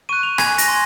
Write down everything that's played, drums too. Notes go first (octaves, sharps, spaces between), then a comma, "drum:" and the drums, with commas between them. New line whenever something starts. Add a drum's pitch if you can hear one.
C#6 F#6 D#7
F7
G#5 G#6, drum: rim click
A#6, drum: hi-hat
C6